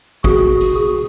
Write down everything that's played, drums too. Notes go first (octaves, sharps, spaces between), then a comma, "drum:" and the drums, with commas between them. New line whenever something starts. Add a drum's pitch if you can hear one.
F#4 G#4, drum: kick
drum: hi-hat